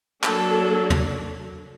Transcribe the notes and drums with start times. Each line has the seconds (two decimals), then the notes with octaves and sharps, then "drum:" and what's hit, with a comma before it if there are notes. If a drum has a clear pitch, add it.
0.23 F#3 A#3 D4 A4, drum: clap
0.90 drum: tom